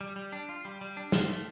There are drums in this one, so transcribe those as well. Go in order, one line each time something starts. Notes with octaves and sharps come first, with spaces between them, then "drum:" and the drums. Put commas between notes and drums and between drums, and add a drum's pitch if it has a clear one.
G3
G3
D4
F4
G3
G3
D4
F4, drum: snare
A3